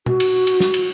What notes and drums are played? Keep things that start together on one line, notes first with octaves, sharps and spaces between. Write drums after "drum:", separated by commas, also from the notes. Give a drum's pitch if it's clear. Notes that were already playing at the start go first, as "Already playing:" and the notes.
F#4, drum: tom B2
drum: cymbal
drum: cymbal
drum: snare
drum: cymbal